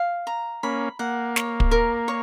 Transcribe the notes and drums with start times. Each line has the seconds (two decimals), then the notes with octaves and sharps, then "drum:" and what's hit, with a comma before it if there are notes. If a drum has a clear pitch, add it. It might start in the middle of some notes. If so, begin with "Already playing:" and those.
Already playing: F5
0.27 A#5
0.63 A#3 C#4 B5
0.99 A#3 F#5
1.36 C#5, drum: snare
1.60 drum: kick
1.71 A#4
2.08 C#5